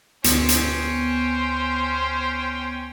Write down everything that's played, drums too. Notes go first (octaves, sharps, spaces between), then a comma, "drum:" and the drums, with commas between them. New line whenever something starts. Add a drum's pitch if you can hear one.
D2 B3 C#4 C5 G5 C#7, drum: hi-hat
drum: hi-hat